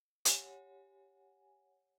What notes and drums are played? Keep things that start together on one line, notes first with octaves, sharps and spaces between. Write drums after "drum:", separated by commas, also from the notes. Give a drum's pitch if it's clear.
G4 C#5 F#5 G#5, drum: hi-hat